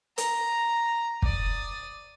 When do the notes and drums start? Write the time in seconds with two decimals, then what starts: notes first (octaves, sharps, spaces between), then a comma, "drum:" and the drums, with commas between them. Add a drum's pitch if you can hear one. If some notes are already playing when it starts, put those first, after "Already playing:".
0.18 A#5, drum: hi-hat
1.22 D5 D#6, drum: kick